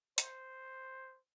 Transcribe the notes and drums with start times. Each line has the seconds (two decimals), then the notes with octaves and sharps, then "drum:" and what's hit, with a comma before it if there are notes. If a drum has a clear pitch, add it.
0.18 C5, drum: hi-hat